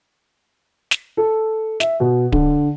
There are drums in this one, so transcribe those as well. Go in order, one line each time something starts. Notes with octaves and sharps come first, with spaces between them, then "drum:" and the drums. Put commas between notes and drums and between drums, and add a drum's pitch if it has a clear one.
drum: snare
A4
E5, drum: snare
B2
D3, drum: kick D1